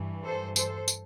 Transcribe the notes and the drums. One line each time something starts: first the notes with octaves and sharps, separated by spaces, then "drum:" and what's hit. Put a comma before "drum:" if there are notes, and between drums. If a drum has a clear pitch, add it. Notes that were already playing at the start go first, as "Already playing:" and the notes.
Already playing: G2 E3
A4 C5
A4 C5, drum: tambourine
drum: tambourine